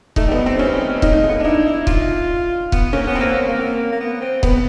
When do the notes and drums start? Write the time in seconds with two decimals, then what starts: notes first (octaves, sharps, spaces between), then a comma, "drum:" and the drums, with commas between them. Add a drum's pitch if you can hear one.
0.16 A3 D#4, drum: kick C#1
0.28 G3 B3
0.38 F#3
0.46 G3 C4
0.59 G3 C#4
0.81 A3
1.02 A#3 D#4, drum: kick C#1
1.13 A3
1.23 G#3
1.29 B3
1.34 A#3
1.40 D4
1.45 D#4 E4
1.66 E4
1.87 F4, drum: kick C#1
2.72 B3, drum: kick C#1
2.93 A#3 C#4
3.07 B3
3.15 A#3 C4
3.35 B3
3.49 A#3
3.93 A#3
4.00 B3
4.21 C4
4.43 B3, drum: kick C#1